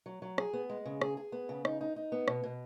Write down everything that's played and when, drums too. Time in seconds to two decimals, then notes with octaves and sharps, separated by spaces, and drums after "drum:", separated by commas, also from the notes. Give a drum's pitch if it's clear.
0.06 F#3
0.22 F#3
0.38 G#4, drum: rim click
0.53 B3
0.70 G#3
0.86 C#3
1.02 G#4, drum: rim click
1.17 G#4
1.32 B3
1.49 C#3
1.65 D#4, drum: rim click
1.81 D#4
1.96 D#4
2.12 B3
2.28 B2, drum: rim click
2.43 B2